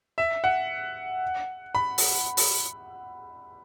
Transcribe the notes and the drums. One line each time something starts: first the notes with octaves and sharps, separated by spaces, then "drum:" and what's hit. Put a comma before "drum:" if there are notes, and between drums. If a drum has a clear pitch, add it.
E5
F#5
B5
drum: open hi-hat
drum: open hi-hat